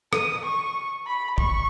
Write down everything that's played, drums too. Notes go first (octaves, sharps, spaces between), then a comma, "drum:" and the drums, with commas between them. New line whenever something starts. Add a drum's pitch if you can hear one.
D#6, drum: rim click
C#6
B5
C#6, drum: kick